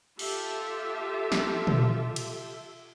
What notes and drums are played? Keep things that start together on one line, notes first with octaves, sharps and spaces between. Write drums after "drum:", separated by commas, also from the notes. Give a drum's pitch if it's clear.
F4 G4 A4 E5, drum: cymbal
drum: snare
drum: tom
drum: cymbal